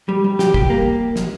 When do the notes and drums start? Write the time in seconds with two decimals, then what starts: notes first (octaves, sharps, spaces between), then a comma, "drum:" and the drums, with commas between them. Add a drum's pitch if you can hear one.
0.09 G3
0.24 G3
0.39 G4, drum: snare
0.54 G4, drum: kick
0.70 A#3
1.16 drum: snare